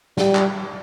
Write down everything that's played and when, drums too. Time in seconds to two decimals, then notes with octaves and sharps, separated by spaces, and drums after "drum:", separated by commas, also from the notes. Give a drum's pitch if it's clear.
0.17 G3, drum: snare
0.35 drum: clap